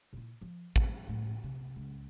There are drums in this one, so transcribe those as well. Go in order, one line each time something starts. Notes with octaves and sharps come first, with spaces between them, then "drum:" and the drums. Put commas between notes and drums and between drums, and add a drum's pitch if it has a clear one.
A#2 E4
F3
C4, drum: kick
A2 A3
C3
C#2